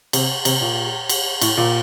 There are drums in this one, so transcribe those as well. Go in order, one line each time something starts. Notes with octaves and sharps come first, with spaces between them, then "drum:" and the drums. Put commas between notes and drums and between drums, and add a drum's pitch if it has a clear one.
C3, drum: cymbal
C3, drum: cymbal
A#2
drum: cymbal
A2, drum: cymbal
A#2